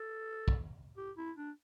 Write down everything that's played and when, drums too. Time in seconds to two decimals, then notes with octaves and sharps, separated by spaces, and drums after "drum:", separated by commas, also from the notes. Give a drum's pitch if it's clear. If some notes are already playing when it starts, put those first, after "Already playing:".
Already playing: A4
0.48 drum: kick
0.97 G4
1.17 E4
1.36 D4